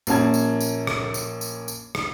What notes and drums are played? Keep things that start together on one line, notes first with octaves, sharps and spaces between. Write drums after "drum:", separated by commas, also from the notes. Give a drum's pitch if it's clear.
A#1 A#3 C#4 A5 G#6, drum: tambourine
drum: tambourine
drum: tambourine
drum: rim click
drum: tambourine
drum: tambourine
drum: tambourine
drum: rim click